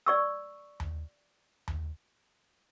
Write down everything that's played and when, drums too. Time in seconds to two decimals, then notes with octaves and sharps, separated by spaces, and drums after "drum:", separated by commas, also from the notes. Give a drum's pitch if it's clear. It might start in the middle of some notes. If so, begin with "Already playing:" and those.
0.06 D5 C#6 E6
0.80 drum: tom D#2
1.68 drum: tom D#2